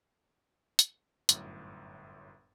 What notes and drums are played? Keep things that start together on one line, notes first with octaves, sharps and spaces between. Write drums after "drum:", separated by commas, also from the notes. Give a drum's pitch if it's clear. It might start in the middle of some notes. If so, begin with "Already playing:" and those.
drum: hi-hat
G1 F#2 A2, drum: hi-hat